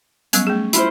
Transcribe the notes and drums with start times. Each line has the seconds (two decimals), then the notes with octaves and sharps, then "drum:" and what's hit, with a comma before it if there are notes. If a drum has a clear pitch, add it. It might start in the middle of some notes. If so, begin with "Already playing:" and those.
0.33 F#3 G3 B3 C#4, drum: hi-hat
0.47 A3 G#4
0.73 E4 F4 C5, drum: hi-hat